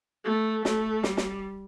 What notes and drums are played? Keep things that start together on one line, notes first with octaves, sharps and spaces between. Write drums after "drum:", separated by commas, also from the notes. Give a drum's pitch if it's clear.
A3
A3, drum: snare
G3, drum: snare
drum: snare